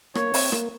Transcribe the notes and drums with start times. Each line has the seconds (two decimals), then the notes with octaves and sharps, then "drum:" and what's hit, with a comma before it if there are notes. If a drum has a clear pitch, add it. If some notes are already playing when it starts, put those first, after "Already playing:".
0.15 A#3 C#5, drum: rim click
0.34 C4, drum: open hi-hat
0.52 A#3, drum: rim click